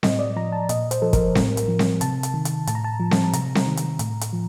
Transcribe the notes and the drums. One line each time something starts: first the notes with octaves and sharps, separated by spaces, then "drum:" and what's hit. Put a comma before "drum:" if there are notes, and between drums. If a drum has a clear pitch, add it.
A2 D#5, drum: snare C4
D5
F3 A#5
A5
A#2 D#5, drum: hi-hat
C5, drum: hi-hat
F3 A4
A#4, drum: kick, hi-hat
A2, drum: snare C4
drum: hi-hat
F3
drum: snare C4
C3 A5, drum: hi-hat
drum: hi-hat
D#3
drum: hi-hat
A2 A5, drum: hi-hat
A#5
A5
F3
drum: snare C4
A5
C3 A#5, drum: hi-hat
drum: snare C4
D#3
drum: hi-hat
A2, drum: hi-hat
drum: hi-hat
F3